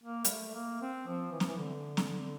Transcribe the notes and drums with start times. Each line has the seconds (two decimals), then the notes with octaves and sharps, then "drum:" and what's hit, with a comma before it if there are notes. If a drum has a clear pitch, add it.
0.03 A#3
0.24 G3, drum: hi-hat
0.29 A3
0.55 A#3
0.82 C4
1.07 F3
1.32 E3
1.40 F3, drum: snare
1.48 E3
1.57 D3
1.97 drum: snare